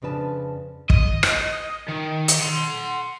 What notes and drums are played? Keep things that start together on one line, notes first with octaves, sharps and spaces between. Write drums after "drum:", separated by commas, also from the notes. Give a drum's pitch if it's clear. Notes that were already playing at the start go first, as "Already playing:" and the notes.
F2 C#3 D4 B4 A5
D#5, drum: kick
drum: rim click
D#3
drum: hi-hat
F#5 C6